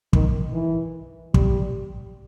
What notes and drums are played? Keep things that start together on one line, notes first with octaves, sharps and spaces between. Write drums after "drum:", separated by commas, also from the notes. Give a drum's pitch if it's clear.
D#3, drum: kick
E3
G3, drum: kick